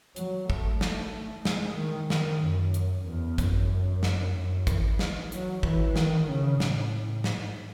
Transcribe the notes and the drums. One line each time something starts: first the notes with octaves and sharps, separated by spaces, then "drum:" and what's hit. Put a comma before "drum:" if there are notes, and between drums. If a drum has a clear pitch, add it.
F#3, drum: hi-hat
A3, drum: kick G1
A3, drum: snare
A3
G#3, drum: snare
D#3
D#3, drum: snare
F#2
drum: hi-hat
E2
F#2, drum: kick G1, hi-hat
drum: snare
F#2
E3, drum: kick G1, hi-hat
drum: snare
F#3, drum: hi-hat
E3, drum: kick G1
D#3, drum: snare
C#3
A2, drum: snare
A2
G#2, drum: snare